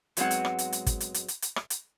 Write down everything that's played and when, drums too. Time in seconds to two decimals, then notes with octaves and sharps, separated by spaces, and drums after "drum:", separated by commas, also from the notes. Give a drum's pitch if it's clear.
0.17 G#2 F#3 G#3 B3 C4 F#5, drum: hi-hat
0.31 drum: hi-hat
0.45 drum: rim click
0.59 drum: hi-hat
0.73 drum: hi-hat
0.86 drum: kick, hi-hat
1.00 drum: hi-hat
1.14 drum: hi-hat
1.28 drum: hi-hat
1.42 drum: hi-hat
1.56 drum: rim click
1.70 drum: hi-hat